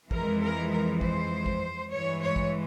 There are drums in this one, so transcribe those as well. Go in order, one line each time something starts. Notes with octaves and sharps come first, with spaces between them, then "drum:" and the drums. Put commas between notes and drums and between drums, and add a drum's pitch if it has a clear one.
F2 E3 G#3 A#4, drum: kick
A#4
A#4
C5, drum: kick
drum: kick
G2 E3 G#3 C#5
C#5
drum: kick